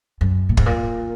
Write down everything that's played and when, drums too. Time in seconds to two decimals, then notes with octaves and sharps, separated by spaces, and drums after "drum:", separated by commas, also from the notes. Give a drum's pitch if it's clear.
0.21 F#2
0.49 A#2
0.57 G#2, drum: kick
0.66 A#2